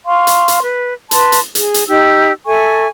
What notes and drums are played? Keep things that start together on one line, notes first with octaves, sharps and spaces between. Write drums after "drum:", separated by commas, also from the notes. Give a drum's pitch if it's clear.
F5 C6 C#6
drum: hi-hat
drum: hi-hat
B4
B4 A5 C6, drum: hi-hat
drum: hi-hat
G#4, drum: hi-hat
drum: hi-hat
D#4 G4 E6
A4 E5 G#5 C#6